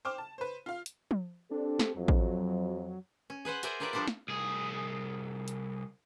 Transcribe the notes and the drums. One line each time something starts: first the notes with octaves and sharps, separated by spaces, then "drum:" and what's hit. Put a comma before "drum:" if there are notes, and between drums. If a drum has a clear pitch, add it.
C5 G5 D6 F6
A5
B4 C5
F4 F5
drum: hi-hat
drum: tom F3
C4 D4 G4 A4
drum: snare
F2 F#3
drum: kick A1
C#4
G#4 B4 C5 F#5
A#4 C5 D5 E5 G#5 A#5, drum: hi-hat
F4 G4 A#4 B4 D5 E5
F3 G3 D4 A4 C5
drum: snare
C2 G#4
drum: hi-hat